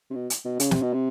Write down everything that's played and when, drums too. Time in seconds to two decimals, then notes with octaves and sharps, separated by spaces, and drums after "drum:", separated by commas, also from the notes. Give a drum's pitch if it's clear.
0.10 C3
0.15 B2
0.30 drum: hi-hat
0.45 B2
0.60 C#3, drum: hi-hat
0.71 C3, drum: snare
0.82 B2
0.94 C3